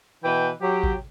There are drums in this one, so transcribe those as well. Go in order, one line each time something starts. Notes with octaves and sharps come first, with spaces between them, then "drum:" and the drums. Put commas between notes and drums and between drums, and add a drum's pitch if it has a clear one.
B2 E3 B4 G5
F#3 G4
drum: kick A1